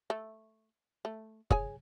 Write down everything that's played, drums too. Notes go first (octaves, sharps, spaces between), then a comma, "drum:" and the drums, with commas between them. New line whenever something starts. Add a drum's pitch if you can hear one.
A3
A3
G#4 C#5 G#5, drum: kick